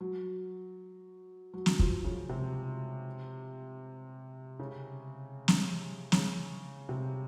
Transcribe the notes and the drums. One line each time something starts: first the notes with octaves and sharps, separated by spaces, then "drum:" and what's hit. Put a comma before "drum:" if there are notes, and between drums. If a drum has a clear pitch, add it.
F#3
F#3
drum: snare
F3, drum: kick
C#3
C3
C#3
drum: snare
C#3, drum: snare
C3